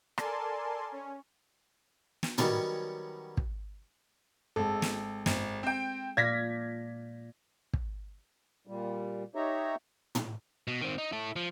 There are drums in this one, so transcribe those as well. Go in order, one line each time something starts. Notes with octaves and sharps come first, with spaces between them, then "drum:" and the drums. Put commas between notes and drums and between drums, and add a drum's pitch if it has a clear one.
A4 A#4 D5 G#5 A5 C6, drum: rim click
C#4
drum: snare
D#3 F#3 G3 B3 C#4, drum: tom
drum: kick
G#1 G#3 A4
drum: snare
G#1, drum: snare
C4 G5
A#2 D5 F5 G#6 A#6 B6
drum: kick
A#2 G3
D#4 G4 C#5 E5 A#5
drum: tom
B2
D#3 C4
D#4
E4 A4
F3